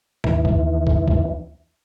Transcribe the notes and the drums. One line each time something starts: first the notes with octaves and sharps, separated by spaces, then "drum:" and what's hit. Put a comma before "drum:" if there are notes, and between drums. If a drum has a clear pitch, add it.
D#2 E3, drum: tom G#2
drum: kick
drum: kick
drum: kick